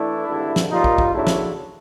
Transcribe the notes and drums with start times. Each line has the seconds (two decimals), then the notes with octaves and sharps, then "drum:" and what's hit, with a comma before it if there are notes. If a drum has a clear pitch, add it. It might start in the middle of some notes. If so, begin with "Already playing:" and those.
Already playing: E3 A3 D4 E4
0.27 G#1 G2 D3
0.56 drum: snare
0.70 D#2 D#3 G3 D#4 F4
0.84 drum: kick
0.98 drum: kick
1.12 D#2 C#3 F#3 A3 D4 E4
1.27 drum: snare